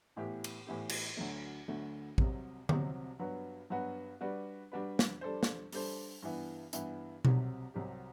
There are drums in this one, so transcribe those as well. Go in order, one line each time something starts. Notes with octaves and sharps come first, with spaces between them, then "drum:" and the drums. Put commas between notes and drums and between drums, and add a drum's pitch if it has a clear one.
A2 E3 B3 E4 G4
drum: cymbal
A2 E3 B3 E4 G4
drum: cymbal
D2 D3 F#3 A3
D2 D3 F#3 A3
C2 C3 F#3 C4, drum: kick
C2 C3 F#3 C4, drum: tom D3
G2 F#3 B3 F#4 B4
G2 F#3 B3 F#4 B4
G3 D4 F#4 B4
G3 D4 F#4 B4
drum: snare
G3 D4 A4 C5
drum: snare
G3 D4 A4 C5, drum: open hi-hat
G2 E3 B3 E4
G2 E3 B3 E4, drum: hi-hat
C2 C3 F#3 C4 G4, drum: tom B2
C2 C3 F#3 C4 G4